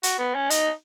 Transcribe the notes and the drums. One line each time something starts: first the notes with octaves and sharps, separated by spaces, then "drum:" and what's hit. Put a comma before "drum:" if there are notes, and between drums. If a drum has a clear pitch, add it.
F#4, drum: hi-hat
B3
C#4
D#4, drum: hi-hat